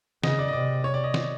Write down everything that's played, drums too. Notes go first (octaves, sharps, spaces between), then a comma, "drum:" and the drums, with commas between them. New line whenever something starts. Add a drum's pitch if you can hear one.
C#3 D#5, drum: snare
D5
D#5
C3 D5
C#5
D5
D#5
drum: snare